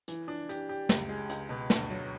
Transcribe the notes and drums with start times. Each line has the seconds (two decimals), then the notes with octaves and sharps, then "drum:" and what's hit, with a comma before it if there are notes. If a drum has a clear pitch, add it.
0.08 E3, drum: hi-hat
0.28 D4
0.49 G4, drum: hi-hat
0.69 G4
0.89 C#2, drum: snare
1.09 G#3
1.30 C#2, drum: hi-hat
1.49 B2
1.70 D2, drum: snare
1.90 F#3